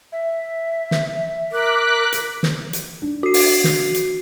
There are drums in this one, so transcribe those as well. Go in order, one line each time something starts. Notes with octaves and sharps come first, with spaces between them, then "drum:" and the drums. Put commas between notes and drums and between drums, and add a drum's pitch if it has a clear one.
E5
drum: snare
A#4 D6 F#6 B6
drum: hi-hat
drum: snare
drum: hi-hat
D4
F#4 C7
drum: open hi-hat
drum: snare
drum: hi-hat